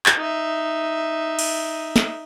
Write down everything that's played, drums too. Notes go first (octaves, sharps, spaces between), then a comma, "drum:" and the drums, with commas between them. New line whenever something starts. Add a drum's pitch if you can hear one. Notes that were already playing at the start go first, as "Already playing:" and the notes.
drum: clap
D#4 E5
drum: cymbal
drum: snare